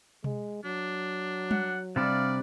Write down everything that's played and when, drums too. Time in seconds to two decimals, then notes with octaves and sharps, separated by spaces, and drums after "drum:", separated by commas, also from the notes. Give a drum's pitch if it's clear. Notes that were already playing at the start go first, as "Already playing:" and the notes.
0.24 G#3, drum: tom B2
0.64 F#3 D4
1.51 F#5, drum: tom G3
1.96 C3 G3 D4 D5 F5